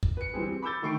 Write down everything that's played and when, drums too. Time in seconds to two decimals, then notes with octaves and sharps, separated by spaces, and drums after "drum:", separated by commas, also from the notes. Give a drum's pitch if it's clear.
0.03 drum: kick
0.17 B4 C#7
0.34 E3 G3 C4 G#4
0.62 B5 D6 E6 G6 A6
0.82 D3 D#3 A3 C#6 C7 D7